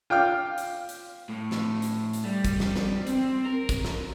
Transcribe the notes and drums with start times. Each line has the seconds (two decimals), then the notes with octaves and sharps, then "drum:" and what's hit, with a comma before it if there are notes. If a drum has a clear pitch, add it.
0.10 F4 G5 D6 F6
0.58 drum: hi-hat
0.89 drum: hi-hat
1.29 A2
1.51 drum: snare
1.82 drum: hi-hat
2.13 drum: hi-hat
2.24 G3
2.45 drum: kick, hi-hat
2.60 drum: snare
2.76 drum: snare
3.07 C4, drum: hi-hat
3.46 A#4
3.69 drum: kick, hi-hat
3.85 drum: snare